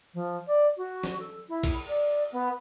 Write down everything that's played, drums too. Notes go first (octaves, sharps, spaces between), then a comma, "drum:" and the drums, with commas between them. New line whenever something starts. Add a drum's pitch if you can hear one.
F3
D5
F#4
drum: snare
A4
E4
drum: kick, cymbal
D5
B3